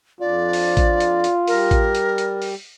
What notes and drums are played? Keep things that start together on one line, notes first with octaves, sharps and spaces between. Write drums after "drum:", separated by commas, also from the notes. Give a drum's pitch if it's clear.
F2 D4 F4 D5
drum: open hi-hat
drum: kick A1, hi-hat
drum: hi-hat
drum: hi-hat
G3 A#4, drum: open hi-hat
drum: kick A1, hi-hat
drum: hi-hat
drum: hi-hat
drum: open hi-hat